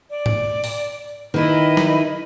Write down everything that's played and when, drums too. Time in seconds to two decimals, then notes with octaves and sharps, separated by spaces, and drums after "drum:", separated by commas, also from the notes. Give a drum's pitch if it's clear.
0.10 D5
0.26 drum: tom G#2
0.64 drum: open hi-hat
1.34 D#3 E4 A#4 B4 D#5
1.77 drum: snare